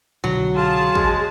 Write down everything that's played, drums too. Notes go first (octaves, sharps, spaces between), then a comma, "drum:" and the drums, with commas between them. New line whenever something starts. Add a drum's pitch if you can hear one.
C2 B2 D3 F#3
F4 G#4 A5
G#3, drum: kick